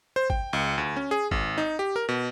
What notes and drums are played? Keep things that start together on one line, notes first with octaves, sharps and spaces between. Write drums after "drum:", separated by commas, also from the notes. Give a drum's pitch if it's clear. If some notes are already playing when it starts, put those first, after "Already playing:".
C5
G5, drum: kick G#1
C#2
D2
C#4
G#4
G#1, drum: kick G#1
D#4
G4
A#4
B2